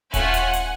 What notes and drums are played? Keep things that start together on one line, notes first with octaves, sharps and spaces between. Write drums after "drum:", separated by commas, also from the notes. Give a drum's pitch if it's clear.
A3 C#4 F4 F#5 G#5, drum: kick D#1, hi-hat
drum: hi-hat
drum: hi-hat